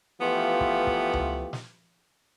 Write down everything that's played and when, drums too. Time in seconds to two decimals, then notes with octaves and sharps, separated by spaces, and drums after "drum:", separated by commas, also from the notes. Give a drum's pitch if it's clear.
0.21 E3 F3 A3 B3 F4 G4
0.61 drum: kick
0.87 drum: kick
1.13 drum: tom C#2
1.53 drum: snare